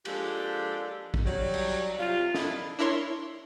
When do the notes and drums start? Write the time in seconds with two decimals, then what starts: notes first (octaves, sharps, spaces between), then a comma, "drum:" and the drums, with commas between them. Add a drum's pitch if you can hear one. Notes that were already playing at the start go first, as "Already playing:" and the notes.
0.05 F3 G#3 A#3 D4 G4 A4, drum: cymbal
1.14 drum: kick
1.25 F#3 G3
1.53 drum: cymbal
1.99 C3 F4
2.34 D4 E4 A4 A#4 D#5, drum: snare
2.79 D4 E4 A#4 C#5 C6 C#6